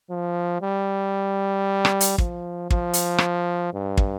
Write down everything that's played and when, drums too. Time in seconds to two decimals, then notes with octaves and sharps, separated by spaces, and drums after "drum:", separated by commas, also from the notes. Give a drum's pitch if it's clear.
0.11 F3
0.62 G3
1.85 drum: rim click
2.00 drum: hi-hat
2.18 F3, drum: kick
2.70 F3, drum: kick
2.93 drum: hi-hat
3.18 drum: rim click
3.74 G2
3.97 drum: kick